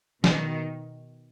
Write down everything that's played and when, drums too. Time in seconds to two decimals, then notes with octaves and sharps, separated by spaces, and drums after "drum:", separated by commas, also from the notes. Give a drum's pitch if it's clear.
0.24 B2 D#3, drum: snare